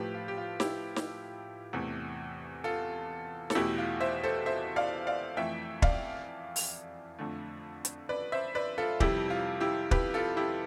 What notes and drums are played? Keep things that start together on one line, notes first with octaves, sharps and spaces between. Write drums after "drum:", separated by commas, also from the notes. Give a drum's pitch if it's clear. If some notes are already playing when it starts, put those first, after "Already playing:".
Already playing: A2 F3 A3 G4 B4
F4
G4
F4
E4 G4, drum: snare
drum: snare
E2 C3 E3 A3
F4 A4
A4, drum: snare
E2 B2 A3 E4 G4
F4
C5 E5
A4 C5
C5 E5
D5 F5
D5 F5
F2 E3 A3 E5 G5
D5 F5, drum: kick
drum: open hi-hat
F2 D3 A3
drum: hi-hat
B4 D5
C5 E5
B4 D5
F4 A4
F2 C3 G3 E4 G4, drum: kick
F4
E4 G4
G4 B4, drum: kick
F4 A4
E4 G4